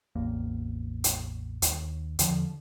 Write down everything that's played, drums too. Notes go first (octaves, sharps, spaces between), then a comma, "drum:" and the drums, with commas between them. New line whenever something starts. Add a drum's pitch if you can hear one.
A1 E2 A#3
drum: hi-hat
D#2, drum: hi-hat
E2 D3 F3, drum: hi-hat